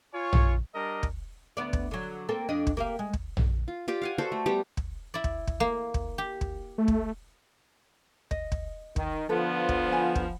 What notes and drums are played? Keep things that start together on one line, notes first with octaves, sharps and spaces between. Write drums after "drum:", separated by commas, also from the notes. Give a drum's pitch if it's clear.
F4 C#5 G#5 C#6
drum: tom A#1
G3 D4 A#4 D#5
drum: kick
D2 B3 D5
drum: kick
D3 F#3
A#3 C4 A4
F2 D4 D#5
drum: kick
A#3 G4 F5
G#3
drum: kick
drum: tom A#1
F4
F4 G4 D5
F5 F#5 G#5
F#4 A4 C5 D5
A3
G3 B3 G4
drum: kick
E4 D5
drum: kick
drum: kick
A#3
drum: kick
G4
drum: kick
A3
drum: kick
D#5, drum: kick
drum: kick
D#3, drum: kick
D3 F3 B3 F4 A4 B4
drum: kick
F#5 G#5 B5
drum: kick